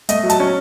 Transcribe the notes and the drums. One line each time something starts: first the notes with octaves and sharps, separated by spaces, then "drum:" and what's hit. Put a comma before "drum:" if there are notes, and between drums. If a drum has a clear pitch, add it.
A3 D#5, drum: hi-hat
F#3
A5, drum: hi-hat
C#4